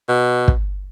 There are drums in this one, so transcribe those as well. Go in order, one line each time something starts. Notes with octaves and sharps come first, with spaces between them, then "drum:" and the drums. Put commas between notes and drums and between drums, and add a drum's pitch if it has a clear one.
B2
drum: kick